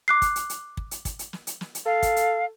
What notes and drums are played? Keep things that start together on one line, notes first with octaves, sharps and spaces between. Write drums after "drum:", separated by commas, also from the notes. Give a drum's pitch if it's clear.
D6 F#6 C7
drum: kick, hi-hat
drum: hi-hat
drum: hi-hat
drum: kick
drum: hi-hat
drum: kick, hi-hat
drum: hi-hat
drum: snare
drum: hi-hat
drum: snare
drum: hi-hat
A4 F5
drum: kick, hi-hat
drum: hi-hat